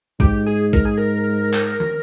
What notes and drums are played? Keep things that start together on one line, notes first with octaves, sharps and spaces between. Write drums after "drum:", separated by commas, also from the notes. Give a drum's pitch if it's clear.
G#2 G4, drum: kick A1
G#4
A#4, drum: kick A1
G#4
A#4
drum: clap
drum: tom